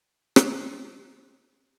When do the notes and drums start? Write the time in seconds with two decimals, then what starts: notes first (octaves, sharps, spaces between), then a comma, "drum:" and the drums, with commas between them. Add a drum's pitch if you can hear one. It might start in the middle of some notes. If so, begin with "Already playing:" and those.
0.04 A#6
0.36 drum: rim click
0.45 F5
0.68 A4 G5 B5
0.88 B1 E2 A3
1.09 F3 G3 A#3 G#5 C#6
1.49 C#4 F5 G#5